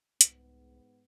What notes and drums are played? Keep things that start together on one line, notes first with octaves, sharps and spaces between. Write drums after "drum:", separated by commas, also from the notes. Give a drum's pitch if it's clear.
C2 G#2 B3, drum: hi-hat